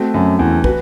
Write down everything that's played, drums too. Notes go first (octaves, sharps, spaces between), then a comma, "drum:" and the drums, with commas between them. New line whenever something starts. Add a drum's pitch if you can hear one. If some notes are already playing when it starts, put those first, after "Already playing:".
Already playing: A3 C4 F#4
F#2
E2
F#4 B4, drum: kick